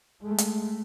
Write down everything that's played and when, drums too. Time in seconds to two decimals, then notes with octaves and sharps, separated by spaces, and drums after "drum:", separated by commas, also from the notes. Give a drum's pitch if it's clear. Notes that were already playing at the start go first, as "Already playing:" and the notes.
0.22 G#3 A3
0.38 drum: hi-hat